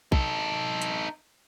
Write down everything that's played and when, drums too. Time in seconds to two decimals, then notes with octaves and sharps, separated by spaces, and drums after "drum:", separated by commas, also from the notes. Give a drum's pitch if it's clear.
0.12 D#4 A4, drum: kick B1
0.82 drum: hi-hat